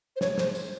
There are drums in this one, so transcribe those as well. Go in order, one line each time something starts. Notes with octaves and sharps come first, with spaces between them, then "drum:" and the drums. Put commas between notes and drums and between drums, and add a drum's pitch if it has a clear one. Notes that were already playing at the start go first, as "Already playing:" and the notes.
C5
C#5, drum: snare
C5, drum: snare
drum: tambourine